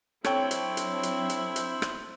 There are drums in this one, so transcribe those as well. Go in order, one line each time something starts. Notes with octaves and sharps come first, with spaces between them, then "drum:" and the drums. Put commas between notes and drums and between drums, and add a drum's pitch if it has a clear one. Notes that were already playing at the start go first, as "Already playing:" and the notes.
F#3 C4 D4 E4 A4 C5 C#5 G5, drum: rim click
drum: hi-hat
drum: hi-hat
drum: hi-hat
drum: hi-hat
drum: hi-hat
drum: rim click